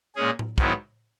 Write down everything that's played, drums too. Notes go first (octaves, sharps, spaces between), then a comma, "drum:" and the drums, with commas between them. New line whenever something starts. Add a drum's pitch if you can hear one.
A#2 G#3 C#4 G#4
drum: tom A2
G#2 D#3 F#3 B3 E4, drum: kick